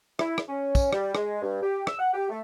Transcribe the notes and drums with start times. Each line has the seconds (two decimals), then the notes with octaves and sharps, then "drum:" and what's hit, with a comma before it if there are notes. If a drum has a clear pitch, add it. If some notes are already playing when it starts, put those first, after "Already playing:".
0.19 E4, drum: rim click
0.38 drum: rim click
0.49 C#4
0.75 drum: kick, tambourine
0.93 G3, drum: rim click
1.15 G#3, drum: rim click
1.42 G2
1.62 G4
1.87 E6, drum: rim click
1.99 F#5
2.14 G4
2.30 A3